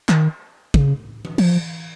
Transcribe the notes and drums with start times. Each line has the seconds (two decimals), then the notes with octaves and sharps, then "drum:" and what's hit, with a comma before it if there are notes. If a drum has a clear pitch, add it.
0.09 D#3, drum: clap
0.74 C#3, drum: kick
1.25 drum: tom E3
1.38 F3, drum: cymbal